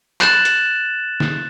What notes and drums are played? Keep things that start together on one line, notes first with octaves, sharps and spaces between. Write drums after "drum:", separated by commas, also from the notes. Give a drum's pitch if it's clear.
F#6 G6 A6 E7 F#7, drum: clap
drum: hi-hat
drum: snare